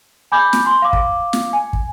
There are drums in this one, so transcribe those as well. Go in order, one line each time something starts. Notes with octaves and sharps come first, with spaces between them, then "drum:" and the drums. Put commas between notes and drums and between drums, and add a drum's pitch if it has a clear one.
G#5 B5 D6 G6
drum: snare
C6
F5 D6
drum: kick
drum: snare
G#5
drum: kick